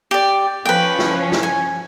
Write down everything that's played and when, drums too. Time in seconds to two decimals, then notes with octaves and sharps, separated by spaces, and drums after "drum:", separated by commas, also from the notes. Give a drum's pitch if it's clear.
0.11 G4 D5
0.66 F3 C#4 B4 G5
0.99 drum: snare
1.32 drum: snare
1.43 G#5